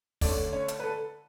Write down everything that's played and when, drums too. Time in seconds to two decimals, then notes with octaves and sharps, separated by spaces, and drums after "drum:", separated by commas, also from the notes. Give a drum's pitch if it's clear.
0.21 D3 A3 C#4 D4 D5, drum: kick, open hi-hat
0.53 C#4 C#5
0.68 drum: hi-hat
0.80 B4
0.84 A4